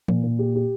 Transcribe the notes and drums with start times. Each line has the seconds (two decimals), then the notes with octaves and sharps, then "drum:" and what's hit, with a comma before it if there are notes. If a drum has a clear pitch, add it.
0.08 A#2, drum: tom E3
0.24 A#2
0.39 G4
0.55 G4